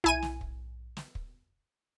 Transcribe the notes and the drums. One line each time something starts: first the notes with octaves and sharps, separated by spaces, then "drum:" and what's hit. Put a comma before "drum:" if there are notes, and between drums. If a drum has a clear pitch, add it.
E4 G#5 D#7, drum: tom B1
drum: snare
drum: kick
drum: snare
drum: kick